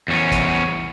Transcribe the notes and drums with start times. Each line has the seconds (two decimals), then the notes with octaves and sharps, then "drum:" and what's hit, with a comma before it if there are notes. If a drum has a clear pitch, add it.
0.08 E2 C#4
0.32 drum: kick, hi-hat